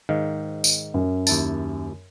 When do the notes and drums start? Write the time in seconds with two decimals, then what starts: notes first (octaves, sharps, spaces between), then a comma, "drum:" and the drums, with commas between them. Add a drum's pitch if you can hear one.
0.09 G#2 D#3 F5
0.64 drum: tambourine
0.94 F#2
1.27 D#2 E4 A5, drum: tambourine